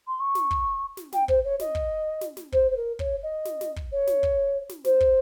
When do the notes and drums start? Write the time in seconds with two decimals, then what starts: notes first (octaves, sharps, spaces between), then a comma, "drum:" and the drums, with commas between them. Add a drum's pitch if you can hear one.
0.07 C6
0.19 C#6
0.35 drum: snare
0.51 drum: kick
0.97 drum: snare
1.13 G5, drum: snare
1.28 C5, drum: kick
1.44 C#5
1.60 D#5, drum: snare
1.75 drum: kick
2.21 drum: snare
2.37 drum: snare
2.52 C5, drum: kick
2.71 C5
2.76 A#4
2.99 C#5, drum: kick
3.22 D#5
3.45 drum: snare
3.61 drum: snare
3.76 drum: kick
3.92 C#5
4.07 drum: snare
4.23 drum: kick
4.69 drum: snare
4.85 C5, drum: snare
5.00 drum: kick